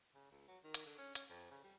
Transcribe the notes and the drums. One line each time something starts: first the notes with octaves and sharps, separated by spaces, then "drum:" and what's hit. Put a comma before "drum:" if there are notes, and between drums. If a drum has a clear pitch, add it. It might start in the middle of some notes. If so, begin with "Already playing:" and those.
C#3
C#2
F#3
D#3
drum: hi-hat
D3
C#4
C#4, drum: hi-hat
F2
C#3
G3